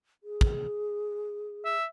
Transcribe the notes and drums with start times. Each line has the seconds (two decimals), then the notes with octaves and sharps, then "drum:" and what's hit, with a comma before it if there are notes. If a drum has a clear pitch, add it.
0.24 G#4
0.41 drum: kick
1.65 E5